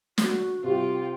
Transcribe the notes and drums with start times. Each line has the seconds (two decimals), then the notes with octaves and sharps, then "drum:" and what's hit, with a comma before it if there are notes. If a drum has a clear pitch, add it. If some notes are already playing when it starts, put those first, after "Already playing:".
0.18 F#4, drum: snare
0.64 C3 G3 F4 G5